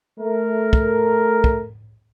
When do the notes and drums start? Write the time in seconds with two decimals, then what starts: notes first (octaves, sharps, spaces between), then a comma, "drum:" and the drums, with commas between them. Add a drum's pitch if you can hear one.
0.20 A3 A#4
0.73 drum: kick
1.44 drum: kick